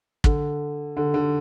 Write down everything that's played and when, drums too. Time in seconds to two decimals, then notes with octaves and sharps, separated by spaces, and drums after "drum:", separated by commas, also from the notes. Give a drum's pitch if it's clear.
0.24 D3, drum: kick
0.97 D3
1.14 D3